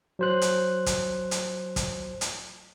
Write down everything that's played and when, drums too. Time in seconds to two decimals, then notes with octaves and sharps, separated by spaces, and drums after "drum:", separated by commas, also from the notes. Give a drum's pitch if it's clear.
0.19 F#3 C5 F#6
0.42 drum: hi-hat
0.86 drum: kick, hi-hat
1.31 drum: hi-hat
1.76 drum: kick, hi-hat
2.21 drum: hi-hat